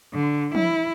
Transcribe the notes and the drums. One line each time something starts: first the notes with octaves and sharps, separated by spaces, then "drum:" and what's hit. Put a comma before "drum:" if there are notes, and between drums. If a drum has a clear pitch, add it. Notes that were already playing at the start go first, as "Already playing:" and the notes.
D3
E4, drum: tom